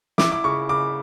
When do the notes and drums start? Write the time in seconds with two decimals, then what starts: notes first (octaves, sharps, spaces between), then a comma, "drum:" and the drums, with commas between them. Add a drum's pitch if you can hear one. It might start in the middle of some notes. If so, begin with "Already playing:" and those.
0.18 E4 D6, drum: snare
0.32 D6
0.44 C#3 C#6
0.69 C#3 D6